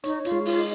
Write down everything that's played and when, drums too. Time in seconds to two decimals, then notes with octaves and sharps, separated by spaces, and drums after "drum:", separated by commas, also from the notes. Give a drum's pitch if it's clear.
0.04 D#4 C#5, drum: hi-hat
0.25 F4, drum: hi-hat
0.32 G#3
0.45 F4, drum: open hi-hat
0.59 D#4